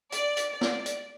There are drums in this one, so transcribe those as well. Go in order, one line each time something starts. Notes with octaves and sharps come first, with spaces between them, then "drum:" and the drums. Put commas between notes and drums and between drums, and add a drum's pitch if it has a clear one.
D5, drum: hi-hat
drum: hi-hat
D5
drum: snare
drum: hi-hat